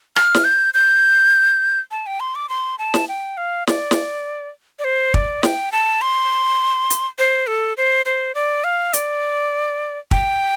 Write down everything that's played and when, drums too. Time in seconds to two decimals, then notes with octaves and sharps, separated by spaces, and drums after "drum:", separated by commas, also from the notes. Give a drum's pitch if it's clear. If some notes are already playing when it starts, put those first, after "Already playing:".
0.16 F6, drum: rim click
0.35 drum: snare
0.44 G6
0.74 G6
1.91 A5
2.06 G5
2.20 C6
2.35 D6
2.49 C6
2.79 A5
2.94 drum: snare
3.09 G5
3.37 F5
3.67 D5, drum: snare
3.91 drum: snare
4.79 D5
4.84 C5
5.14 D5, drum: kick
5.43 G5, drum: snare
5.72 A5
6.01 C6
6.90 drum: hi-hat
7.19 C5
7.47 A4
7.77 C5
8.06 C5
8.35 D5
8.64 F5
8.93 D5, drum: hi-hat
10.11 G5, drum: kick